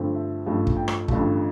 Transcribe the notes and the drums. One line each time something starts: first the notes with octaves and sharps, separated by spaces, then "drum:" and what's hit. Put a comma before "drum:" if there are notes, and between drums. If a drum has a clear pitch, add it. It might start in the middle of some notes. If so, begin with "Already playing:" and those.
Already playing: G2 D3 F3 A3 C4
E5
A1 G2 F3 A3
drum: kick
G5
drum: rim click
A1 G2 D3 F3 A3, drum: kick